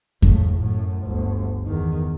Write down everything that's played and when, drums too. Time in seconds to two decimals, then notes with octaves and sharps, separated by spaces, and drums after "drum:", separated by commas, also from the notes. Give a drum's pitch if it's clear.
0.22 C#2 A2, drum: kick F2
0.57 F#2 A2
1.05 G1 D2
1.66 E2 D#3